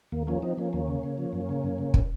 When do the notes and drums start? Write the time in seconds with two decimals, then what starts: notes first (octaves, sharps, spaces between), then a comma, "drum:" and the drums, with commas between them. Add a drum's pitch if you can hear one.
0.12 D#2 A#3
0.27 F3 A#3 C#4
0.42 F3 C4 D#4
0.57 F3 A#3 C#4
0.73 D#2 A#3 C#4
0.88 C#3
1.03 C#3
1.18 F3
1.33 F#2
1.49 C#3
1.64 F#2
1.78 C#3
1.94 drum: kick